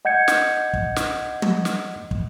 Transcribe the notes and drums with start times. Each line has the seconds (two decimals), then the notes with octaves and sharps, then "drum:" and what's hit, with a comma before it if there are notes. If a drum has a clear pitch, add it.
0.05 D#5 F#5 G6 G#6 C#7
0.28 drum: snare
0.73 drum: kick
0.96 drum: snare
1.42 drum: tom
1.65 drum: snare
2.11 drum: kick